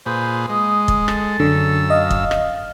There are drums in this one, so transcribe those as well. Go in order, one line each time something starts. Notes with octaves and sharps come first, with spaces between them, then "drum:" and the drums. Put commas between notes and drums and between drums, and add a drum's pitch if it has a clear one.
A#2 G#4 B4 C5
G#3 D#6
drum: kick
A4, drum: rim click
F#2 D3 E6
D#5 F5
drum: kick
drum: rim click